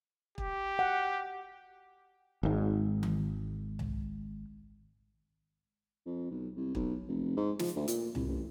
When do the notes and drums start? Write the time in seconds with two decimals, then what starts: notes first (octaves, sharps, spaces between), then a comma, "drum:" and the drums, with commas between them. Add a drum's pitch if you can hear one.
0.38 G4, drum: kick
0.79 F#5
2.43 G#1 G#2
3.03 drum: tom D#3
3.79 drum: tom C2
6.06 F2
6.31 B1
6.56 C2
6.75 B1, drum: kick
7.08 F1
7.37 G#2
7.59 F3, drum: snare
7.76 D2
7.88 A#2, drum: hi-hat
8.15 C2, drum: tom C2
8.28 A1